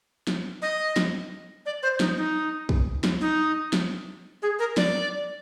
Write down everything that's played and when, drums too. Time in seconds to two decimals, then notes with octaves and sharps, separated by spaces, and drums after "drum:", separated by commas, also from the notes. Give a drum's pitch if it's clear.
0.27 drum: snare
0.62 D#5
0.96 drum: snare
1.66 D5
1.83 C5
2.00 D#4, drum: snare
2.17 D#4
2.69 drum: kick
3.04 drum: snare
3.21 D#4
3.73 drum: snare
4.42 G#4
4.59 A#4
4.77 D5, drum: snare